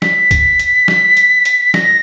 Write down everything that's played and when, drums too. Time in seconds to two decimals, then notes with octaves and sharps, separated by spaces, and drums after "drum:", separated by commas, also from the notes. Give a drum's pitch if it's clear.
0.02 B6, drum: snare
0.31 drum: kick, hi-hat
0.59 drum: hi-hat
0.88 drum: snare
1.17 drum: hi-hat
1.45 drum: hi-hat
1.74 A#6, drum: snare